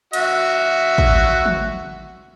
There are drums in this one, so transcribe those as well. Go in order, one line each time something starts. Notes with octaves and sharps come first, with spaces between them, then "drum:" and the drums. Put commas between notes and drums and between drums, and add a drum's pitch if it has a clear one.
F#4 E5, drum: hi-hat
drum: kick
drum: tom